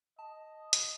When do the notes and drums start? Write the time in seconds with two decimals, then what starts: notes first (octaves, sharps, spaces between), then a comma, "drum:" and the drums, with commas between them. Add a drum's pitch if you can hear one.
0.19 D#5 A5
0.73 drum: hi-hat